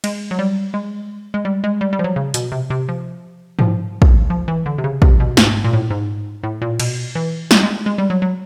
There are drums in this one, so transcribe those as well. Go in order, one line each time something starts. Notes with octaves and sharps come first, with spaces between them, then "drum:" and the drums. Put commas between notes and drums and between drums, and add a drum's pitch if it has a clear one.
G#3, drum: cymbal
F#3
G3
G#3
G#3
G3
G#3
G3
G3
F3
F#3
C#3
B2, drum: hi-hat
C3
C3
F3
F3, drum: tom G#2
drum: kick
F3
E3
D3
C3
C#3
C3, drum: kick
B2
G#2, drum: snare
A#2
A2
G#2
A2
A#2
B2, drum: cymbal
E3
G3, drum: snare
G#3
G#3
G3
F#3
F#3